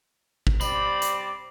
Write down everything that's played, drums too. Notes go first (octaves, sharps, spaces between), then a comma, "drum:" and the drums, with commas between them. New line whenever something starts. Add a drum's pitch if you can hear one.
drum: kick
G3 C4 D5 B5, drum: tambourine
drum: hi-hat